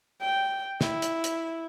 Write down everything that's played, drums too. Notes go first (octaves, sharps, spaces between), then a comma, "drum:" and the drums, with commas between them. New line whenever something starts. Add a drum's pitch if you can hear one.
G5
E4, drum: snare
drum: hi-hat
drum: hi-hat